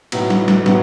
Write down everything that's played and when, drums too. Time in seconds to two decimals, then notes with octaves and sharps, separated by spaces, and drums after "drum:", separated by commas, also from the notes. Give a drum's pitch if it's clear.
0.12 A2 F#3 B3 D#4, drum: cymbal
0.30 drum: snare
0.48 drum: snare
0.66 A2 F#3 B3, drum: snare